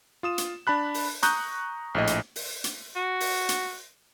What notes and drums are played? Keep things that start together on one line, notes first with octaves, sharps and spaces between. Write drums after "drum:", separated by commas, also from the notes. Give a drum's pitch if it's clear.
F4 D#6 E7
drum: hi-hat
D4 A5 B5 F#6
drum: open hi-hat
A#5 C#6 D#6 F#6 G6, drum: hi-hat
A#1 A2 D#5
drum: hi-hat
drum: open hi-hat
drum: hi-hat
F#4
drum: open hi-hat
drum: hi-hat